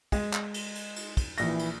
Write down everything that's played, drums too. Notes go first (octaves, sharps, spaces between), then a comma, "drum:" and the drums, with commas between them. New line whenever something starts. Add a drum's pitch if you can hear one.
G#3, drum: kick, cymbal
drum: clap
drum: cymbal
drum: cymbal
drum: cymbal
drum: kick, cymbal
A#1 E3 A#6, drum: cymbal
drum: cymbal